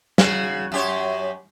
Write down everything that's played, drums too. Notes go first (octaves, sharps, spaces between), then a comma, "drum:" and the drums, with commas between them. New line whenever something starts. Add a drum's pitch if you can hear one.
C#3 F#4, drum: snare
F#2 G4 C#5